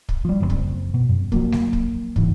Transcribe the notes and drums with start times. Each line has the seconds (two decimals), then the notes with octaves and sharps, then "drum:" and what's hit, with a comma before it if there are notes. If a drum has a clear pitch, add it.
0.09 drum: kick
0.25 F3 G3
0.40 F#1 C#3 C4
0.50 drum: kick
0.94 B2
1.09 F#2
1.32 F3 F#3 A#3, drum: kick
1.52 drum: snare G3
1.73 drum: kick
2.16 C#2 G#2 E3, drum: kick